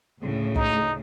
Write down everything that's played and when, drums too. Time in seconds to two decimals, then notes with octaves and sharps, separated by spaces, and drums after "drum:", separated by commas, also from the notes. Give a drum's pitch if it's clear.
0.20 D2 A2 C#3
0.56 D#4, drum: kick